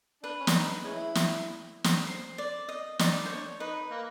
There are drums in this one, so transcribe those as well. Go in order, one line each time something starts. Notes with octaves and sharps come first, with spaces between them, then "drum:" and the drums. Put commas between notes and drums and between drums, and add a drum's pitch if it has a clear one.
D4 B4
C#4
D4, drum: snare
D#4
G#3 C#4 E4
drum: snare
drum: snare
C5
D5
D#5
D#4 D5, drum: snare
C5
D4 C#5
D#4 B4
A#3